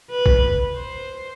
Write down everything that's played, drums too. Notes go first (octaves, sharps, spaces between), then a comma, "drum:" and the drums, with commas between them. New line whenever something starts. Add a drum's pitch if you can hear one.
B4
drum: kick
C5